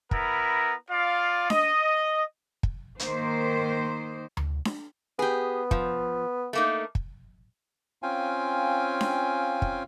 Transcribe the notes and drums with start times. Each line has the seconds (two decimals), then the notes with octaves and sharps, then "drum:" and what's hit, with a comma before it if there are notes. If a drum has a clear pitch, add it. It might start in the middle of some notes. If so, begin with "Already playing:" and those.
0.11 B3 E4 A#4 A#5, drum: kick
0.91 F4 D5 F5
1.50 D#5, drum: snare D4
2.63 drum: kick
2.99 D#3 A#3 C5, drum: hi-hat
4.37 drum: tom D2
4.65 drum: snare D4
5.19 B3 G4 G#4
5.71 F3, drum: kick
6.53 A3 A#3 D#4
6.95 drum: kick
8.03 C4 C#4 F4 F5 G5 G#5
9.01 drum: snare D4
9.62 drum: kick